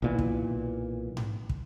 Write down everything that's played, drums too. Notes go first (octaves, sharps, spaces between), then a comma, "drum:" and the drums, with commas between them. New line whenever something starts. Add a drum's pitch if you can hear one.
B1 A#2 E3
drum: kick
drum: tom G#2
drum: kick